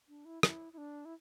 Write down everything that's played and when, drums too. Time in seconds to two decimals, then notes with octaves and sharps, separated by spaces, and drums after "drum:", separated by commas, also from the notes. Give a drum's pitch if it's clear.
0.09 D4
0.25 E4
0.43 E4, drum: rim click
0.73 E4
0.78 D4
1.05 E4